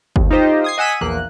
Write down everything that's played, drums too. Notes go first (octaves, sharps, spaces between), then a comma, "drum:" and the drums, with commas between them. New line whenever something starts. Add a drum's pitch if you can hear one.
G1 D#2, drum: kick G1
D#4 F4 G4 C5 D#5
D#6 G#6 C7
D#5 F#5 G#5 E6 B6 D#7
A#1 E2 A#3 F#6